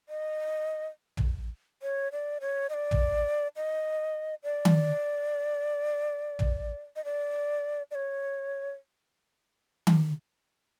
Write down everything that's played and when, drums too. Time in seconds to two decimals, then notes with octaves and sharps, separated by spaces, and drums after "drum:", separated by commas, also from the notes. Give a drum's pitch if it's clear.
0.09 D#5
1.17 drum: tom
1.82 C#5
2.12 D5
2.41 C#5
2.69 D#5
2.74 D5
2.91 drum: tom
3.56 D#5
4.44 D5
4.65 drum: tom D#3
6.39 drum: tom
6.96 D#5
7.04 D5
7.91 D5
7.95 C#5
9.87 drum: tom D#3